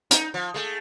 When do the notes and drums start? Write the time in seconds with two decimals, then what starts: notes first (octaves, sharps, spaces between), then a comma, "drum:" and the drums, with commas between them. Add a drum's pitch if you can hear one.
0.11 D#4, drum: hi-hat
0.34 F3
0.54 G#3 A3